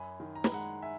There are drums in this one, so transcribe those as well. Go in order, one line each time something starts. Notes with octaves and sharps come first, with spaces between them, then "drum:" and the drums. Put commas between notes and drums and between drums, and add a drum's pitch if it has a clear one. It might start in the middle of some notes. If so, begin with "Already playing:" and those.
Already playing: F#2 G#5 B5
D#3
A#5
B5, drum: snare
G#3 F#5 A#5
E5 G#5